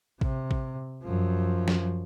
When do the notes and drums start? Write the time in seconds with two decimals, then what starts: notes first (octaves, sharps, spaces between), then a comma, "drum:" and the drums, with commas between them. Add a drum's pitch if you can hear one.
0.21 C3, drum: kick
0.51 drum: kick
1.03 F#2 F3
1.68 drum: snare